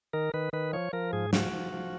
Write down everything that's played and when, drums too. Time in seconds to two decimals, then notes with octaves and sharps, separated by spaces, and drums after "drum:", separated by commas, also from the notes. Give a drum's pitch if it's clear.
0.13 D#3 A#4
0.34 D#3 B4
0.53 D#3 B4
0.73 F3 C#5
0.93 F3 A#4
1.13 G#2 G#4
1.33 F3 F#4, drum: snare
1.53 F3
1.73 F3